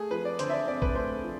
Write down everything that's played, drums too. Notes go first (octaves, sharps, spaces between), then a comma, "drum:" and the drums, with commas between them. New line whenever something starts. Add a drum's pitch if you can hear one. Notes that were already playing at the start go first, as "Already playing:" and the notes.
Already playing: A3 G#4
F3 B4
D5
D3 C5, drum: hi-hat
E5
D5
C4 D5
B4, drum: kick
A3 C5
F3